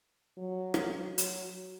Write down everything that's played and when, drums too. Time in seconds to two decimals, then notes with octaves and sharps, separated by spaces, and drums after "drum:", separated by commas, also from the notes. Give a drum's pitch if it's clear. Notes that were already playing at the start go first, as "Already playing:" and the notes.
0.38 F#3
0.74 drum: rim click
1.18 F#3, drum: hi-hat